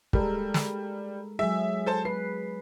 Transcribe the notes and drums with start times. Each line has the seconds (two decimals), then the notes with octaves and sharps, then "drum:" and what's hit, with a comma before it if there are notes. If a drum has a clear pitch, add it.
0.13 G3 G#3 A4 A#4, drum: kick
0.54 drum: snare
1.39 F#3 G#3 G#4 E5
1.86 A4 C5 A5
2.05 B4 C7